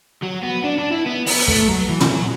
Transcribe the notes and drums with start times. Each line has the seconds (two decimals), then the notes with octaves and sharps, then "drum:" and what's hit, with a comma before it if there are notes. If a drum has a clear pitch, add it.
0.22 F#3
0.43 B3
0.64 D4
0.78 D4
0.92 E4
1.06 B3
1.26 B3, drum: open hi-hat
1.48 A3, drum: kick
1.62 A3
1.68 F#3
1.89 E3
2.01 drum: tom
2.10 F#3